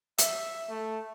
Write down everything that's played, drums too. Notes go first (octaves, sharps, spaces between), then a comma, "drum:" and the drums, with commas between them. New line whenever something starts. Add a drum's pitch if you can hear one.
E5, drum: hi-hat
A3